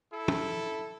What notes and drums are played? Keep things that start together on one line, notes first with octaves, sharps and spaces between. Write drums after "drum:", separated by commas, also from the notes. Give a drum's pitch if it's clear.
E4 A4
drum: tom